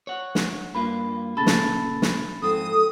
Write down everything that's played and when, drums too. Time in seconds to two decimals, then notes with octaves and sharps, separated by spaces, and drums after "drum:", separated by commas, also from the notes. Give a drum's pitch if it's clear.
0.07 C#5 F#5
0.35 drum: snare
0.75 G2 A#3 F4 B5
1.37 A#2 C#3 A4 B5 A6
1.46 drum: snare
2.02 drum: snare
2.42 F2 G#2 C4 A4 D#6